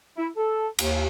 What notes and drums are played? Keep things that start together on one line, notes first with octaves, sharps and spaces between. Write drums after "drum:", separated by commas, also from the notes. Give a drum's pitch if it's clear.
E4
A4
D#2, drum: cymbal